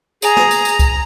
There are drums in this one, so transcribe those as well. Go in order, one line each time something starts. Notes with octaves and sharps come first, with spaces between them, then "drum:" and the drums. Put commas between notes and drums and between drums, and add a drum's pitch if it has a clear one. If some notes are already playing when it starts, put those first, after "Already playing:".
G#4 A#5, drum: tambourine
drum: snare
drum: tambourine
drum: tambourine
drum: kick C#2, tambourine